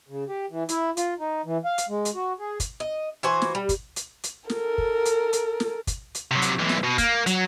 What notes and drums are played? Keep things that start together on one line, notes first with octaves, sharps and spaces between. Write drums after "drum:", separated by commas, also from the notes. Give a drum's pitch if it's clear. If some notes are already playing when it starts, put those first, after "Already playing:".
C#3
G4
E3
E4, drum: hi-hat
F4, drum: hi-hat
D#4
E3
F5
drum: hi-hat
G#3
drum: hi-hat
F#4
G#4
drum: kick, hi-hat
D#5
E3 F#4 C5 G#5
drum: snare
G3
drum: kick, hi-hat
drum: hi-hat
drum: hi-hat
A4 A#4, drum: snare
drum: kick
drum: hi-hat
drum: hi-hat
drum: snare
drum: kick, hi-hat
drum: hi-hat
C3 F#3
drum: hi-hat
B1 E3
drum: snare
B2
A#3, drum: kick, hi-hat
F#3, drum: hi-hat